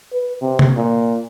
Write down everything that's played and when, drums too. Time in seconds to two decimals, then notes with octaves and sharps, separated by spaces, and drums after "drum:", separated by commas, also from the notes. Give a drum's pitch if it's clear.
0.13 B4
0.42 C3
0.59 drum: tom C3
0.77 A#2